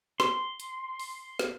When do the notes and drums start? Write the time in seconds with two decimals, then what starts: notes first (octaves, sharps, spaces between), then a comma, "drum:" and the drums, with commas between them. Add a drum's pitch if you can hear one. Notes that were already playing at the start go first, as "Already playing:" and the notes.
0.20 C6, drum: snare
0.60 drum: hi-hat
1.00 drum: open hi-hat
1.39 drum: snare